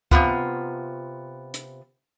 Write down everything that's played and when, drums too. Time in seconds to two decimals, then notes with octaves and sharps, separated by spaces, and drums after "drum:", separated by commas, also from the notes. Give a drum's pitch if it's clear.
0.11 C3 D#3 B3 F4, drum: kick C#2
1.54 drum: hi-hat